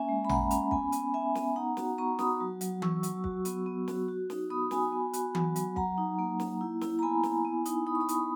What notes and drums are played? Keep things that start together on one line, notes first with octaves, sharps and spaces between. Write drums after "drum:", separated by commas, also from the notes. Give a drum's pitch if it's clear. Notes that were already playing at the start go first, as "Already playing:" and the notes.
Already playing: A#3 C#4 E5 G#5
G#3
B5
G#3 F#5 A#5, drum: tom A1
C#4, drum: hi-hat
B3 G#5 B5, drum: kick
B3, drum: hi-hat
B3 E5 G#5
B3, drum: snare
D#4 F#5 A#5
F#4, drum: snare
B3 A#5 C#6
F#4 B5 D#6, drum: snare
F#3
F#3, drum: hi-hat
F#3 C#6 E6, drum: tom E3
F#3, drum: hi-hat
F#4, drum: kick
B3, drum: hi-hat
B3
F#4, drum: snare
F#4
D#4, drum: snare
B3 B5 D#6
F#4 G#5 B5, drum: snare
B3
F#4, drum: hi-hat
F#3, drum: tom E3
F#3, drum: hi-hat
F#3 F#5 A#5, drum: kick
D#4
A#3
A#3, drum: snare
E4
E4, drum: snare
A#5
B3 G#5 B5
E4, drum: snare
B3
D#4, drum: hi-hat
D#4 B5 D#6
C#6
B5 D#6
B3, drum: hi-hat
B5 D#6